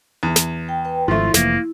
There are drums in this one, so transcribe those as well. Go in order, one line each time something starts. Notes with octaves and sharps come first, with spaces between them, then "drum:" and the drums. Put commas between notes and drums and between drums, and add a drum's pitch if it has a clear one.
E2
drum: snare
G5
B4 G5
G#1 F3 A3 E4 F4
F1 E3 A#3, drum: snare